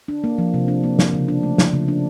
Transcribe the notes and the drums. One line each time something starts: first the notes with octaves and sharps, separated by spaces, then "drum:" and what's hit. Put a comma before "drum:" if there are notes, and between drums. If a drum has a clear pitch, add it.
D4
A#3
F3
C3
D4
A#3
F3, drum: snare
C#3
D4
A3
F3, drum: snare
C#3
D4